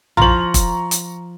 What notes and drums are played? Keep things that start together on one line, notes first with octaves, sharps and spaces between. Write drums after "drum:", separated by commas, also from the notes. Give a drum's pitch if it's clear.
F3 F4 A#5 C#6 F#7, drum: tom A#1
drum: kick, hi-hat
drum: hi-hat